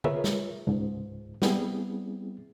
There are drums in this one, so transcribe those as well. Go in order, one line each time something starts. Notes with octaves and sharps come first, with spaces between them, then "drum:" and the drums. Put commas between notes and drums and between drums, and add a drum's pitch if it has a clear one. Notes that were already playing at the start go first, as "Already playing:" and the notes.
F4 G#4 A#4 B4 C#5 E5, drum: tom D3
drum: snare
C#2 G#2
G3 B3 C4 E4 G#4, drum: snare